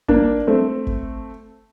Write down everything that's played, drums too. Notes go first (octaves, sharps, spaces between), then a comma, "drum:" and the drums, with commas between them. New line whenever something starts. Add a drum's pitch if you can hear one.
A#3 D4, drum: kick
A3 C4
drum: kick